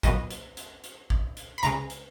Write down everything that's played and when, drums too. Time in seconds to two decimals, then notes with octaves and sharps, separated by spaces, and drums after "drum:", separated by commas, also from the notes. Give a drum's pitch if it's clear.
0.03 A#2 F#3 B3 D#5, drum: kick, hi-hat
0.31 drum: hi-hat
0.57 drum: hi-hat
0.84 drum: hi-hat
1.10 drum: kick
1.37 drum: hi-hat
1.58 B5
1.63 C#2 C#3 G#3 A#5, drum: hi-hat
1.90 drum: hi-hat